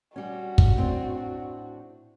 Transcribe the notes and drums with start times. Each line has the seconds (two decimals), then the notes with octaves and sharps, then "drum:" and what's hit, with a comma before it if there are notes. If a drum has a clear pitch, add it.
0.16 G3 C#4 F#4
0.58 drum: kick
0.76 A2 C4 D4